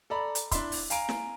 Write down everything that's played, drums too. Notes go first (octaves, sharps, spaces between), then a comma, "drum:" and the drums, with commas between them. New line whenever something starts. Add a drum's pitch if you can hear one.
A4 D5 A#5 B5
drum: hi-hat
D4 E4 E5 C6, drum: kick, hi-hat
drum: open hi-hat
F5 G#5 A#5 D7, drum: hi-hat
drum: snare